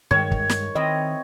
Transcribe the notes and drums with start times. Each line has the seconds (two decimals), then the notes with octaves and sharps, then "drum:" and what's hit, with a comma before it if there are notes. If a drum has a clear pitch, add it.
0.11 G2 D#3 G#3 C#5
0.31 drum: kick
0.49 drum: snare
0.75 D#3 C4 E4 D#5